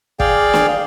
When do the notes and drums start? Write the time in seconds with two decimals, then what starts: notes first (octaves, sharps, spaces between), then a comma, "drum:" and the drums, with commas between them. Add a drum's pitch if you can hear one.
0.20 G#4 D5 F5 G5, drum: kick
0.54 drum: snare